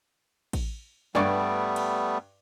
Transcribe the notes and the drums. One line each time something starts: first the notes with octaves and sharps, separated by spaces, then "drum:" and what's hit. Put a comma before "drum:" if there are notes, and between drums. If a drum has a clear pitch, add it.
drum: kick A1, cymbal
G2 G3 A3 B3 D5 C#6, drum: snare
drum: cymbal